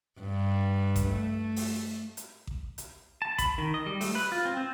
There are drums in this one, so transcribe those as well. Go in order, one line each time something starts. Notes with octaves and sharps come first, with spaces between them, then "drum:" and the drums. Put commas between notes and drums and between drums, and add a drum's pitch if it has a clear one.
G2
drum: kick A1, hi-hat
A3
drum: open hi-hat
drum: hi-hat
drum: kick A1
drum: hi-hat
A5
B5, drum: kick A1, hi-hat
D#3
D#5
G3
A3, drum: open hi-hat
B4
F4
C4
C4